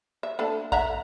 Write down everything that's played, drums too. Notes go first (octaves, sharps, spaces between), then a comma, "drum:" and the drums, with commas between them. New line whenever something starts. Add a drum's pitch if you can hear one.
E5
A3 D4 A4
E5 F#5 A#5, drum: kick A#1